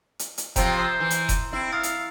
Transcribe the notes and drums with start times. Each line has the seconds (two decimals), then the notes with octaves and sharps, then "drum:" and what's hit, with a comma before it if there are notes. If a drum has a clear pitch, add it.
0.19 drum: hi-hat
0.38 drum: hi-hat
0.56 C3 F3 G5 A#5, drum: kick E1, hi-hat
0.77 C5 C6 D#6
1.00 E3
1.10 drum: hi-hat
1.29 drum: kick E1, hi-hat
1.53 C4 E4
1.72 F5 D#6 A6
1.83 drum: hi-hat